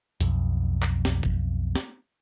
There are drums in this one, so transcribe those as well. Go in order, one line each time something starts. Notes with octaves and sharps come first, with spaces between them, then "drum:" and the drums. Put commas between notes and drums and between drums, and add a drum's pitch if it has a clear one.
B1 F2, drum: hi-hat
drum: clap
drum: snare
drum: kick G1
drum: snare